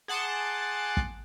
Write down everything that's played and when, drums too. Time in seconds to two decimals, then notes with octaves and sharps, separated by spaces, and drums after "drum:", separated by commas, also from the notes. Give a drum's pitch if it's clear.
0.08 G#4 F#5 A5 C6 D6
0.97 drum: kick